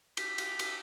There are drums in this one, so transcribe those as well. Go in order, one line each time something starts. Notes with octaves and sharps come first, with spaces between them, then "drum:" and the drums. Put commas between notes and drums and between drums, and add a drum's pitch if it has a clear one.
B6, drum: cymbal
drum: cymbal
drum: cymbal